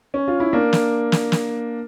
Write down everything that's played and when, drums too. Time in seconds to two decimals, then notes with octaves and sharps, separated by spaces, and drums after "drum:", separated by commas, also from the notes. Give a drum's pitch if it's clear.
0.14 C#4
0.28 F4
0.40 E4
0.53 A#3 D4
0.73 drum: snare
1.12 drum: snare
1.32 drum: snare